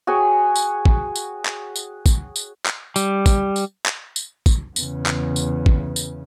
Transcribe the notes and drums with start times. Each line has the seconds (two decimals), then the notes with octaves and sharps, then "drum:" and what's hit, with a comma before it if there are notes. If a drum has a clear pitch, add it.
0.07 F#4 G#4 C#5 G5
0.55 drum: tambourine
0.86 drum: kick
1.16 drum: tambourine
1.46 drum: clap
1.76 drum: tambourine
2.06 drum: kick, tambourine
2.36 drum: tambourine
2.66 drum: clap
2.96 G3, drum: tambourine
3.26 drum: kick, tambourine
3.56 drum: tambourine
3.86 drum: clap
4.16 drum: tambourine
4.46 drum: kick, tambourine
4.76 E2 C#3, drum: tambourine
5.06 drum: clap
5.36 drum: tambourine
5.66 drum: kick
5.96 drum: tambourine